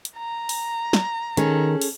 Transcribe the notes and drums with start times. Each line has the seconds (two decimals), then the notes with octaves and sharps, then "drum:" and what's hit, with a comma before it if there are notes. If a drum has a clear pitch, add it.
0.05 drum: hi-hat
0.18 A#5
0.49 drum: open hi-hat
0.93 drum: snare
1.37 D#3 C#4 G#4 A4, drum: hi-hat
1.81 drum: open hi-hat